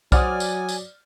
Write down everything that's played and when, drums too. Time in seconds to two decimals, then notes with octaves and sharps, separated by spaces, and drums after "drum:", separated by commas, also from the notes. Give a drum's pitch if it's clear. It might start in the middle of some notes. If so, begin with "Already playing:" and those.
0.12 F#3 C5 D5 F#5 G#5 D#6 F6, drum: kick B1, tambourine
0.40 drum: tambourine
0.68 drum: tambourine